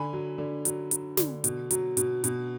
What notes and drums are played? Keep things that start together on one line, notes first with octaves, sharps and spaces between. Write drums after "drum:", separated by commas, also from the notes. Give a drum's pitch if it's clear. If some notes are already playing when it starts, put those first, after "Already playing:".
Already playing: D3 G#5 B5
F#3
D3
F#3, drum: hi-hat
F#3, drum: hi-hat
D3, drum: snare
B2, drum: hi-hat
F#3, drum: hi-hat
B2, drum: hi-hat
B2, drum: hi-hat